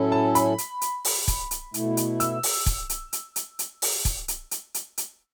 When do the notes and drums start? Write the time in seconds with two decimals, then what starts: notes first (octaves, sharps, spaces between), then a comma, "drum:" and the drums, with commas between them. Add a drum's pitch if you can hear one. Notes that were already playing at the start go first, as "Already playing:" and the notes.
Already playing: A2 F#3 C#4 E4 A4
0.12 A5
0.35 B5, drum: hi-hat
0.58 drum: hi-hat
0.81 drum: hi-hat
1.05 drum: open hi-hat
1.28 drum: kick, hi-hat
1.51 drum: hi-hat
1.74 B2 A3 E4, drum: hi-hat
1.97 drum: hi-hat
2.20 E6, drum: hi-hat
2.43 drum: open hi-hat
2.66 drum: kick, hi-hat
2.89 drum: hi-hat
3.13 drum: hi-hat
3.36 drum: hi-hat
3.59 drum: hi-hat
3.82 drum: open hi-hat
4.05 drum: kick, hi-hat
4.28 drum: hi-hat
4.51 drum: hi-hat
4.74 drum: hi-hat
4.97 drum: hi-hat